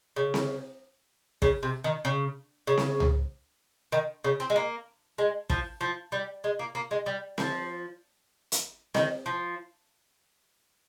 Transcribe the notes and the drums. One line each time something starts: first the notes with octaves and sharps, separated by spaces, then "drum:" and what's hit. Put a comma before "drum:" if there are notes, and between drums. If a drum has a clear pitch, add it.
C#3
drum: snare C4
C#3, drum: kick
C3
D#3
C#3
C#3
drum: snare C4
drum: tom C#2
D#3
C#3
C4
G#3
A#3
G#3
F3, drum: kick
F3
G3
G#3
A#3
A#3
G#3
G3
F3, drum: snare C4
drum: hi-hat
D#3, drum: snare C4
F3